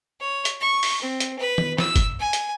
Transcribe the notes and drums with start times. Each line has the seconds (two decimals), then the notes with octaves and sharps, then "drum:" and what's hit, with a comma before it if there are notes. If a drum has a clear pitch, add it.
0.20 C#5
0.45 drum: hi-hat
0.61 C#6
0.83 drum: open hi-hat
1.02 C4
1.20 drum: hi-hat
1.39 B4
1.58 drum: tom D#3
1.78 E6, drum: snare
1.96 drum: kick, hi-hat
2.19 G#5
2.33 drum: hi-hat